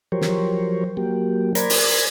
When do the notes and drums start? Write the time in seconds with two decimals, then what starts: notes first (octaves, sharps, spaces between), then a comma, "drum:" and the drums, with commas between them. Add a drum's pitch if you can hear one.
0.12 F3 F#3 G4 A#4 C5 C#5
0.21 drum: snare
0.97 F#3 A#3 G4
1.55 A#4 C5 D5 A#5 B5 G#6, drum: hi-hat
1.70 drum: open hi-hat